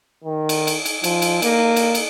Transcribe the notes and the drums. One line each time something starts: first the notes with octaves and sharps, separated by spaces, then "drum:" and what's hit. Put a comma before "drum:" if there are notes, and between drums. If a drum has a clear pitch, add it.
D#3
drum: cymbal
drum: cymbal
drum: cymbal
F3, drum: cymbal
drum: cymbal
A#3, drum: cymbal
drum: cymbal
drum: cymbal